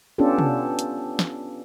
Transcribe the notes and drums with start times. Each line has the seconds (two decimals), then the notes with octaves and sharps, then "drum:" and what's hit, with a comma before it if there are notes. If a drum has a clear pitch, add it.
0.18 B3 C#4 D4 F4 G4 A4
0.39 drum: tom
0.79 drum: hi-hat
1.19 drum: snare